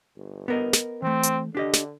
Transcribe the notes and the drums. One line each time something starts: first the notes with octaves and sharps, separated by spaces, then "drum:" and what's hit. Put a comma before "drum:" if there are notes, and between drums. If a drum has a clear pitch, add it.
G1
B3 A#4 D#5
drum: snare
E3 A3 C4
drum: hi-hat
D3 D4 G4 D#5
drum: snare